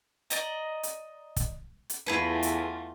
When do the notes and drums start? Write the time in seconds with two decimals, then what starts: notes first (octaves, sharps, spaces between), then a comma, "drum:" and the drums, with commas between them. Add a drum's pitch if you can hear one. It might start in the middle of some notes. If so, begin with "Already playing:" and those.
0.30 D5 D#5 A#5, drum: hi-hat
0.83 drum: hi-hat
1.36 drum: kick, hi-hat
1.90 drum: hi-hat
2.06 E2 A3 E4 F4 G#4 B4
2.43 drum: hi-hat